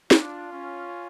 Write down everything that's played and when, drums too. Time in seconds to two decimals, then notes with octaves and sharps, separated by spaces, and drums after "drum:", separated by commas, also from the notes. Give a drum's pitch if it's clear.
0.11 D4 F4, drum: snare
0.53 C#4